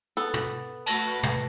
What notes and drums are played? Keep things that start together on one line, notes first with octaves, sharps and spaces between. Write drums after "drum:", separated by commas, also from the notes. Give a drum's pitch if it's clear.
B3 A4
drum: tom
A3 F#4 B4 A5 A#6, drum: cymbal
drum: tom